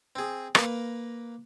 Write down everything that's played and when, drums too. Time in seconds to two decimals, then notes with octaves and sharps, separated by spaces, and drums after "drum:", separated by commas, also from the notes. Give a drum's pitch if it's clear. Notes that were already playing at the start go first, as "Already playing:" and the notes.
0.16 C4 G#4
0.55 A#3 A#4 B4, drum: rim click